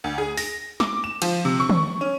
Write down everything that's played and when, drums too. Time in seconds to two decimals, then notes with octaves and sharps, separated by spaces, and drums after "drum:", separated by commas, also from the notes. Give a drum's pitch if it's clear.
0.04 D2
0.18 G#4
0.37 A#6, drum: open hi-hat
0.80 D6, drum: snare
1.04 E7
1.22 F3, drum: cymbal
1.45 C3
1.60 C#6
1.70 drum: tom
2.01 C#4